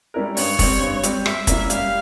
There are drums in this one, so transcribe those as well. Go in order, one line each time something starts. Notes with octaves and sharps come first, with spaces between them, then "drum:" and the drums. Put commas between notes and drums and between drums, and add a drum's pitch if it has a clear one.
G3 C#4 E4 A#4
G2 C#5, drum: open hi-hat
G3 C4, drum: kick, open hi-hat
G2
G3 C4, drum: hi-hat
G3 E5, drum: rim click
A#3 C#4 E4, drum: kick, hi-hat
G3 F5, drum: hi-hat